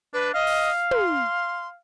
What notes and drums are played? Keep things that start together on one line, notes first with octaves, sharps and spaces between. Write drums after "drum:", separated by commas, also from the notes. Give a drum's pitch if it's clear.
D4 B4
D#5 F5
drum: open hi-hat
C6, drum: tom